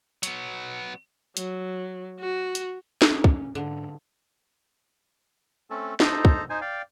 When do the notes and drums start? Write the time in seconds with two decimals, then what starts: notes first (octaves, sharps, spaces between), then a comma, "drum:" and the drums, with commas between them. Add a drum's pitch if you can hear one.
0.23 F#3 B3, drum: hi-hat
1.37 F#3, drum: hi-hat
2.19 F#4
2.55 drum: hi-hat
3.02 drum: snare
3.11 C#4
3.24 drum: kick
3.55 G#2 D3 D4
5.70 A3 C4 C#4 A4
6.00 D#4 A4 C5 A#5, drum: snare
6.25 drum: kick
6.50 D#4 C5 G#5
6.61 D5 F5 G5